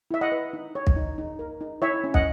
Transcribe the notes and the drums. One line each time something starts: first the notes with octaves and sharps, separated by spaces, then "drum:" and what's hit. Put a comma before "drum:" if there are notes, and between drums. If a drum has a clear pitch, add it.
E4 E5
D#5 F#5
B4
D#4
C#5
drum: kick
D#4
D#4
A#4
D#4
E4 C#5 E5
C#4
D#5 F#5, drum: kick